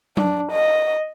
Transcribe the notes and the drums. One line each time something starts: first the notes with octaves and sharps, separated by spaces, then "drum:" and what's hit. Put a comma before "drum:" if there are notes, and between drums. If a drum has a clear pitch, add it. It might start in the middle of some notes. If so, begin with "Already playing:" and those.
D4, drum: tom F#3
D#5